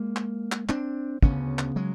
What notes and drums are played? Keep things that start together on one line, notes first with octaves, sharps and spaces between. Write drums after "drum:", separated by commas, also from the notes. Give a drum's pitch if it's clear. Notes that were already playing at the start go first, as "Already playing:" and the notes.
Already playing: G#3 A#3
drum: clap
drum: clap
C4 D4, drum: clap
D2 C#3 B3 C#4, drum: kick
drum: clap
F#3 G#3